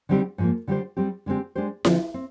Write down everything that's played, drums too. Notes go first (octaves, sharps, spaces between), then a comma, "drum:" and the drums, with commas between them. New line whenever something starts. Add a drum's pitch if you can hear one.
D3 G3 C4 D#4 G4
G#2 F3 A#3
D3 G3 D4 G4 C5
G3 C4 G4
D3 G#3 C4 G4
G#3 D4 G4 C5
D3 F3 C4 F4, drum: snare E4
C4